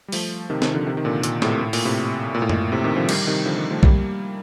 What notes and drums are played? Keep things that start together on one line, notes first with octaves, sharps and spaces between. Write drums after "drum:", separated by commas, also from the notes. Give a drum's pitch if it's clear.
G3
F3 A3, drum: open hi-hat
C3 D#3
C3 D#3, drum: snare
D3 F3
C3 D#3
D#3
A#2 D3
A#2, drum: hi-hat
A2 C3, drum: snare
A2
A#2, drum: open hi-hat
A2 C3
A#2
A2
A#2, drum: tom F#2
A2 C3
C3 D#3
D3 F3
D#3 G3, drum: cymbal
C3 D#3
D3 F3
D#3 G3
F3 A3
G3 A#3, drum: kick B1